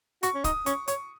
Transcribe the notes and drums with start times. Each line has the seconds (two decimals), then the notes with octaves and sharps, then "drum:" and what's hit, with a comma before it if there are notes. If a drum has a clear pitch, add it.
0.23 F#4 C#6, drum: hi-hat
0.34 C#4
0.44 D#4 D#6, drum: kick, hi-hat
0.66 C#4 C#6, drum: hi-hat
0.88 C#5 C#6, drum: hi-hat